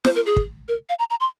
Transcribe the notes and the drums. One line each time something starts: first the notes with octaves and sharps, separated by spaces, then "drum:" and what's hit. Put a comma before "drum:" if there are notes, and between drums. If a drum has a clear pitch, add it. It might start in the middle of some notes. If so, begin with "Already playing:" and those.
C5, drum: snare
A#4
G#4
drum: kick
A#4
F5
A#5
A#5
C6